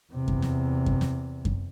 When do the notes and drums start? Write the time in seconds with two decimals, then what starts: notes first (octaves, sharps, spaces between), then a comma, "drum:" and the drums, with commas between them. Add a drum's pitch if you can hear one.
0.13 E2 C3
0.28 drum: kick F#2
0.42 drum: snare
0.86 drum: kick F#2
1.01 drum: snare
1.45 drum: kick F#2